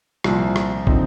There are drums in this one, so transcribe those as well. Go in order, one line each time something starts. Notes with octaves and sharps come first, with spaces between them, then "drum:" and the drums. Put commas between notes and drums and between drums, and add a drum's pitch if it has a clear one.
C2 A#2 F3, drum: rim click
drum: rim click
D3 F3 C4 D#4, drum: kick